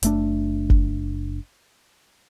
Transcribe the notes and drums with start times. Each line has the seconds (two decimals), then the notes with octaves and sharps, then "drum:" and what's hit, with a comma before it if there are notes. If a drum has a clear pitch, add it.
0.03 F#1 A3 D4, drum: hi-hat
0.70 drum: kick